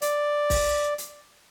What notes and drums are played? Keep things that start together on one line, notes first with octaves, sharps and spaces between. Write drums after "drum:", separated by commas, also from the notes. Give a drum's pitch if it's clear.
D5, drum: hi-hat
drum: kick, open hi-hat
drum: hi-hat